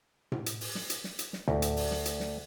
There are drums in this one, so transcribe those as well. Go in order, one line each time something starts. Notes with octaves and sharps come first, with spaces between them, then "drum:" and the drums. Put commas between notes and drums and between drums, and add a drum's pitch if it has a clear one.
drum: tom A2
drum: hi-hat
drum: open hi-hat
drum: snare
drum: hi-hat
drum: snare
drum: hi-hat
drum: snare
D2, drum: tom A2
drum: hi-hat
drum: open hi-hat
drum: snare
drum: hi-hat
drum: snare